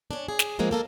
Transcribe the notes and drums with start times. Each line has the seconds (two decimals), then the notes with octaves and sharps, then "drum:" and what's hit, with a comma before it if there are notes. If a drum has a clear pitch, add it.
0.11 C#4 D4
0.28 G#4
0.39 drum: snare
0.59 F3 G#3 A#3 C4
0.71 A#3 A4 A#4